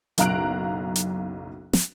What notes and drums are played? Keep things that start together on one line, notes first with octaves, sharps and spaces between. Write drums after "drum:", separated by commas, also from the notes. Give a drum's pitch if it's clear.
F#1 B1 F5 A#5 F#6 D7, drum: hi-hat
drum: hi-hat
drum: snare